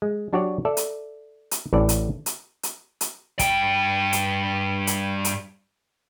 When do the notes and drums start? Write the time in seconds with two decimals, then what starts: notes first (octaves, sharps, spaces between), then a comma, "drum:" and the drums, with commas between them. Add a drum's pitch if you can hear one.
0.02 G#3
0.33 F#3 D4 F#4 G4 C#5 D5
0.65 A4 D5 E5
0.77 drum: hi-hat
1.51 drum: hi-hat
1.73 A1 A2 C4 A4 D5 A5
1.89 drum: hi-hat
2.26 drum: hi-hat
2.63 drum: hi-hat
3.01 drum: hi-hat
3.39 G2 G5, drum: kick, hi-hat
4.13 drum: hi-hat
4.87 drum: hi-hat
5.25 drum: hi-hat